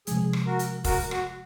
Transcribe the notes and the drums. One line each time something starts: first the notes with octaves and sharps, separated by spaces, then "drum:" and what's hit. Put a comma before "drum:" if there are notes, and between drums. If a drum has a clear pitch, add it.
C3 F3 G#3 G#4, drum: hi-hat
drum: rim click
F#4 A#4
drum: hi-hat
F#4 A#4, drum: kick F1, open hi-hat
F#4, drum: rim click